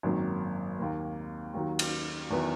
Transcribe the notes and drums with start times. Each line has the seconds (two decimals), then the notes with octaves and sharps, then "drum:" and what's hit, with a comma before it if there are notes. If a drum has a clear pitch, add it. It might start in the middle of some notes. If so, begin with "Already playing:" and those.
0.03 G#1 F#2 D#3 F#3 A#3
0.79 D#2 D#3 A#3
1.54 D#2 D#3 F#3
1.79 drum: cymbal
2.30 E2 D#3 F#3 B3 E4